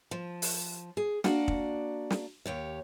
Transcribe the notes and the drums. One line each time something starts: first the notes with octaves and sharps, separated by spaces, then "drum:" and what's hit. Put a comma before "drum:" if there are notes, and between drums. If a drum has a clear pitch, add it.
F3
drum: open hi-hat
G#4
A#3 D4 F#4 D5 F#5, drum: snare
drum: kick
drum: snare
D#2 G4 C#5